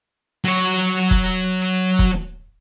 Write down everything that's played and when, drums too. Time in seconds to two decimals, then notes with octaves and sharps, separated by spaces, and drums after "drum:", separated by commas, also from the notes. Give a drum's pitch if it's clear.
0.45 F#3 C#5
1.11 drum: kick
1.99 drum: kick